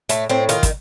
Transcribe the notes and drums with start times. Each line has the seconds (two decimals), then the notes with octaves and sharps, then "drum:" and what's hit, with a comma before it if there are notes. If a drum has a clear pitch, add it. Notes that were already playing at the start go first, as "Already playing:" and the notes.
0.09 A2 A3, drum: hi-hat
0.30 A2 C4
0.49 D#3 F4, drum: hi-hat
0.63 drum: kick, hi-hat